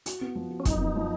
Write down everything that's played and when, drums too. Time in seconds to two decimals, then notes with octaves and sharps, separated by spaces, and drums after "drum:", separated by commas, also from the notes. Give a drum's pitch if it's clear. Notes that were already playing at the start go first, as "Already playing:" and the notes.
0.06 F#4, drum: hi-hat
0.21 B3
0.35 F3
0.50 F#4
0.60 C#4
0.65 F#2 D#4, drum: kick, hi-hat
0.81 B3
0.95 F3